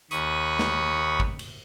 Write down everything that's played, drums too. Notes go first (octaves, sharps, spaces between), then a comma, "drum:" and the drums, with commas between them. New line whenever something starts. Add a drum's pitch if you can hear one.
D#2 B5 C#6 D#6, drum: hi-hat
drum: snare
drum: kick
drum: cymbal